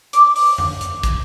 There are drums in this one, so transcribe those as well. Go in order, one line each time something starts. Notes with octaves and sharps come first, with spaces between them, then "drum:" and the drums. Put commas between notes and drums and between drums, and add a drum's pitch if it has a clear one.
D6, drum: hi-hat
drum: open hi-hat
drum: tom F2
drum: hi-hat
drum: kick, hi-hat